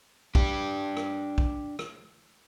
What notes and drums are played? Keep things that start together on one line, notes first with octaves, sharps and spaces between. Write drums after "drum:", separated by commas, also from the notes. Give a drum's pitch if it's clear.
D4 G4, drum: kick
drum: rim click
drum: kick
drum: rim click